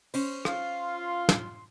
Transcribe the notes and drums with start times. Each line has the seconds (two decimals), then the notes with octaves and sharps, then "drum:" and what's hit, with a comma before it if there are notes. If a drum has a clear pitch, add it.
0.14 C#4 C5, drum: open hi-hat
0.45 F4 F5 C6, drum: rim click
1.29 drum: snare